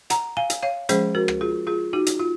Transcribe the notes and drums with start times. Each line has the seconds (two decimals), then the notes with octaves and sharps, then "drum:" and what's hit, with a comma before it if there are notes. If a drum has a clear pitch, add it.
0.10 F#5 A#5, drum: hi-hat
0.37 F5 G#5
0.50 drum: hi-hat
0.63 C#5 F5
0.89 F3 G#3 C#4 G#4 C5, drum: hi-hat
1.15 F#4 A#4
1.28 drum: rim click
1.41 F4 G#4
1.67 F4 G#4
1.93 D#4 F#4
2.07 drum: hi-hat
2.20 F4